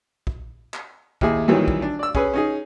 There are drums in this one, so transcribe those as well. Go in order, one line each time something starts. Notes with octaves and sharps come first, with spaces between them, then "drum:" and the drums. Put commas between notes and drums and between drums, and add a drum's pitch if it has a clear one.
drum: kick
drum: clap
D#2 E4 G#4, drum: kick
A#2 D#3 E3 F#3 G3
drum: kick
D4
D5 E6
C#4 G#4 B4, drum: kick
C#4 D#4 G#4